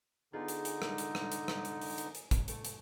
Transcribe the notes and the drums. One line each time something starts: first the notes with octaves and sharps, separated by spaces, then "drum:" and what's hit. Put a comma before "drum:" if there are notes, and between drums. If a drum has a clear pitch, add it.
D3 B3 D#4 F4 G#4
drum: hi-hat
drum: hi-hat
drum: rim click
drum: hi-hat
drum: rim click
drum: hi-hat
drum: rim click
drum: hi-hat
drum: open hi-hat
drum: hi-hat
drum: hi-hat
drum: kick, hi-hat
A3, drum: hi-hat
drum: hi-hat